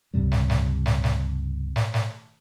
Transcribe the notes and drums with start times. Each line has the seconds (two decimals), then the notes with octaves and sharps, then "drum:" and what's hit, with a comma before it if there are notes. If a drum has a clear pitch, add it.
0.14 C#2 G2 C3 G3
0.32 drum: snare
0.50 drum: snare
0.86 drum: snare
1.04 drum: snare
1.76 drum: snare
1.94 drum: snare